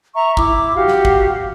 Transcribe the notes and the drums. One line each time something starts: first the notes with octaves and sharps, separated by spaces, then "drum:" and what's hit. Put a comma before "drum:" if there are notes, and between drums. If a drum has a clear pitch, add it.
E5 A#5 C#6
E4 D6, drum: kick
F#4 G4 F5
drum: snare
drum: kick